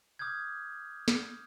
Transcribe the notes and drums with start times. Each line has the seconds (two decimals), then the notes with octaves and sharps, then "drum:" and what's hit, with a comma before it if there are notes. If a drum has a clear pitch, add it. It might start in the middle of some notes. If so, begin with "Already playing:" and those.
0.19 D6 D#6 F6 G6 G#6
1.08 drum: snare